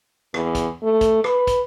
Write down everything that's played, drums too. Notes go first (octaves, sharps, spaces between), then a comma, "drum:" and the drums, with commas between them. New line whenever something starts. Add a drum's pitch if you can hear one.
E2, drum: rim click
drum: kick, hi-hat
A3
drum: kick, hi-hat
B4, drum: rim click
drum: kick, hi-hat